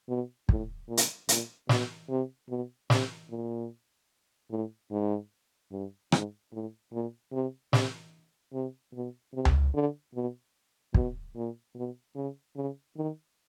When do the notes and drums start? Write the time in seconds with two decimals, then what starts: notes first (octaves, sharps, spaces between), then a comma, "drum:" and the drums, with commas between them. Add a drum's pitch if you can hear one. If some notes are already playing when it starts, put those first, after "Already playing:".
0.08 B2
0.49 A2, drum: kick
0.88 A#2
0.97 drum: hi-hat
1.29 A#2, drum: hi-hat
1.69 B2, drum: snare
2.09 C3
2.49 B2
2.90 C3, drum: snare
3.30 A#2
4.51 A2
4.91 G#2
5.72 G2
6.12 G#2, drum: rim click
6.53 A2
6.92 A#2
7.33 C3
7.73 C3, drum: snare
8.53 C3
8.94 B2
9.34 C3
9.45 drum: tom C#2
9.74 D3
10.15 B2
10.94 B2, drum: kick
11.36 A#2
11.75 B2
12.15 C#3
12.56 C#3
12.96 D#3